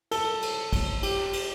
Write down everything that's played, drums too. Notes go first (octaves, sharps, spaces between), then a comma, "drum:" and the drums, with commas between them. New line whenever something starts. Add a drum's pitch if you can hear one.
A4, drum: cymbal
drum: cymbal
drum: kick, cymbal
G4, drum: cymbal
drum: cymbal